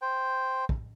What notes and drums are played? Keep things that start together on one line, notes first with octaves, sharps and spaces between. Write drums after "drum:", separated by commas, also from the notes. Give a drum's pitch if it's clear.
C5 G5
drum: kick